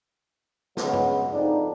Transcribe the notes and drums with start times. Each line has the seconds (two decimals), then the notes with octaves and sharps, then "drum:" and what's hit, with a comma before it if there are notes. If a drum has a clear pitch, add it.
0.77 C#3 F#3 G#3 B3, drum: snare
0.93 drum: tom G2
1.32 F2 D4 D#4